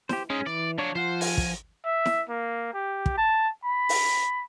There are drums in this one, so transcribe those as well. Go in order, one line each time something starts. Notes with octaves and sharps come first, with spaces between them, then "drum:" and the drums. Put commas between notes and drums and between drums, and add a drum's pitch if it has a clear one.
G4 C5, drum: snare E4
G#3 C#4 D#4
E3 D5
F3 F#3 D4 C#5
F3 F4 C5 F#5
G#5, drum: open hi-hat
drum: kick
E5
drum: snare E4
A#3
G4
drum: kick
A5
B5
drum: open hi-hat